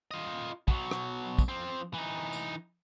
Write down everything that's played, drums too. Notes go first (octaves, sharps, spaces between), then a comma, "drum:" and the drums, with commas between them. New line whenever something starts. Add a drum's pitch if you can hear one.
F4 D#5
B2 F#3, drum: kick
drum: rim click
drum: kick, tambourine
F3 C4
E3 D#4
drum: tambourine